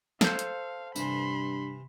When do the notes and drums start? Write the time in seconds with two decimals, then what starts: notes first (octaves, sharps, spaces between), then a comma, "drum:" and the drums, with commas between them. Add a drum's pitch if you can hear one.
0.21 A4 C5 F5, drum: snare
0.39 drum: hi-hat
0.96 G2 C3 E3 B5 C6, drum: tambourine